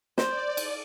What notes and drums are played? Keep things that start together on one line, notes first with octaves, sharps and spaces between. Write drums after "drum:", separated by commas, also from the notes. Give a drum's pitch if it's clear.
C5 D5, drum: snare
drum: cymbal